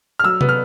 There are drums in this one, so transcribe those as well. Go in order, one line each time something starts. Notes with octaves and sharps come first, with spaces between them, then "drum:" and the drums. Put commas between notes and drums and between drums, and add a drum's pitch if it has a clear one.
F6
F#3 E6
B3, drum: tom C3
F6